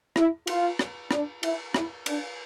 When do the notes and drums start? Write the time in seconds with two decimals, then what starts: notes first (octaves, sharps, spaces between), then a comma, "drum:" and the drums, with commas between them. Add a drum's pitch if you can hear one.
0.16 E4, drum: rim click
0.47 F4, drum: cymbal
0.79 drum: rim click
1.11 D4, drum: rim click
1.43 E4, drum: cymbal
1.74 E4, drum: rim click
2.06 D4, drum: cymbal